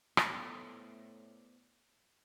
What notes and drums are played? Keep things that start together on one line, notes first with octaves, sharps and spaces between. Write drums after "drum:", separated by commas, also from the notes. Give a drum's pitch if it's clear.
A2 A3 B3 C5 D5, drum: rim click